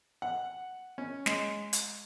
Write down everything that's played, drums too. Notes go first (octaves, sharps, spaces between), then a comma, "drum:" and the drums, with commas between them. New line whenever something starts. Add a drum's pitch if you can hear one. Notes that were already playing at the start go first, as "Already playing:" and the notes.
F#5
C#4
G#3, drum: snare
drum: hi-hat